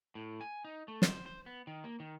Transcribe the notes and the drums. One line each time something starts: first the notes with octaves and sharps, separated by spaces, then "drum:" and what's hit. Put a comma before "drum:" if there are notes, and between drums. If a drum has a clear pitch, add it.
A2
G#5
D#4
A3
C5, drum: snare
C5
B3
D#3
A#3
D#3